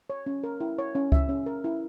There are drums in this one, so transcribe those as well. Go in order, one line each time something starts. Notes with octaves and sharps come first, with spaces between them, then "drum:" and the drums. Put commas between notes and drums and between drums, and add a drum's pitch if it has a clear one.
C#5
C#4
A#4
E4
C#5
C#4
E5, drum: kick C#2
C#4
A#4
E4